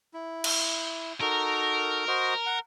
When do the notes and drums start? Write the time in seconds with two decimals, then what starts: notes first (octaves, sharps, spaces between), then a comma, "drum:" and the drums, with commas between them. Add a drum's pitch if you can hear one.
0.13 E4
0.44 drum: cymbal
1.21 D#4 F#4 A4 A#4
2.08 F#4 C5 D#5
2.46 F#5